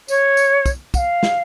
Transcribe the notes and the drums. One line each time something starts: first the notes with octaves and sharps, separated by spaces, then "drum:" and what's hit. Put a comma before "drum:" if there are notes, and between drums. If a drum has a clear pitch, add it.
C#5, drum: tambourine
drum: tambourine
drum: kick, tambourine
F#5, drum: kick, tambourine
F5
drum: snare